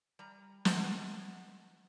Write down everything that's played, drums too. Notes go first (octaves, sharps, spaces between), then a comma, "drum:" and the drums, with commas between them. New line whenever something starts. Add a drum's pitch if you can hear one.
G3 A#5
D#3 F#5, drum: snare